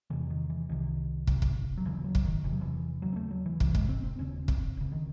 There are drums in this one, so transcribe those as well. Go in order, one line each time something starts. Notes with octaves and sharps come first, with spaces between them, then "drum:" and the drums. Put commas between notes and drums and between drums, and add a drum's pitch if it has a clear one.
E2 C3 E3
D#3
E3
C2 C3 D#3
C#2 C3, drum: kick
drum: kick
F#3
D#2 C#3 E3
F#3
drum: kick
D#3
E2 C3 E3
F#3
E3
D#2 C#3 F#3
C4
A3
F#3
E3
C#2 C3 E3, drum: kick
G#3, drum: kick
C4
C4
D#2 C#3 C#4
C4, drum: kick
C#2 C#3
D#3